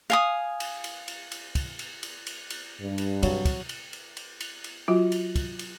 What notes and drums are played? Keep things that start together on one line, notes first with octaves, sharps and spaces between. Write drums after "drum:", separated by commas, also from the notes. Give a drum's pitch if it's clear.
F5 G#5 D#6
drum: cymbal
drum: cymbal
drum: cymbal
drum: cymbal
drum: kick, cymbal
drum: cymbal
drum: cymbal
drum: cymbal
drum: cymbal
G2
drum: cymbal
C3 F#3, drum: cymbal
drum: kick, cymbal
drum: cymbal
drum: cymbal
drum: cymbal
drum: cymbal
drum: cymbal
F#3 F4 F#4
drum: cymbal
drum: kick, cymbal
drum: cymbal